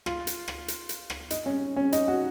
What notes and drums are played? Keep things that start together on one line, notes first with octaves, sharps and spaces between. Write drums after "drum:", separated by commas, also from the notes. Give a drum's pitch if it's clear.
F4, drum: rim click
drum: hi-hat
drum: rim click
drum: hi-hat
drum: hi-hat
drum: rim click
D#4, drum: hi-hat
C#4
C#4
D#4, drum: hi-hat
F#4